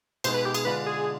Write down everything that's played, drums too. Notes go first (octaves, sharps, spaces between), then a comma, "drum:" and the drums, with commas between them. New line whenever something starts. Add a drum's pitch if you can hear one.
B2 G#3 B3 D#4 C5, drum: cymbal
B4
G4
G#4, drum: cymbal
D3 G#3 D4 F4 B4
G#4